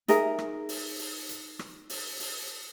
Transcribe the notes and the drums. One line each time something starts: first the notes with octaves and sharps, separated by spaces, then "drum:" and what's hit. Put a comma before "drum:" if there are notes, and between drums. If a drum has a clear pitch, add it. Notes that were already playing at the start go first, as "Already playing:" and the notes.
D#4 G#4 A#4 E5, drum: hi-hat
drum: rim click
drum: open hi-hat
drum: open hi-hat
drum: hi-hat
drum: rim click
drum: open hi-hat
drum: open hi-hat